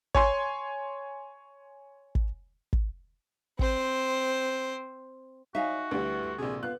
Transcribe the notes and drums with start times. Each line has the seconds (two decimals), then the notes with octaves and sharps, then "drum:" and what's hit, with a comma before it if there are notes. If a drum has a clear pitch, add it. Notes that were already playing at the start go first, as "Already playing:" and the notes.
0.15 C#5 G#5 C6, drum: kick
2.15 drum: kick
2.73 drum: kick
3.59 C4 C5, drum: kick
5.55 F#3 D#4 F#4 E5 F5 G#5
5.91 D2 E3 G3
6.23 D3
6.38 A#1 C3 G#4
6.63 B3 F4 F#6